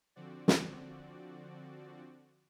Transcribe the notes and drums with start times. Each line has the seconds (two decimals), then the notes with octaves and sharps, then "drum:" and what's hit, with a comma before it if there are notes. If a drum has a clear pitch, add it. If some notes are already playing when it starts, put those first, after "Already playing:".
0.16 D3 F3 C4 F#4 D5
0.48 drum: snare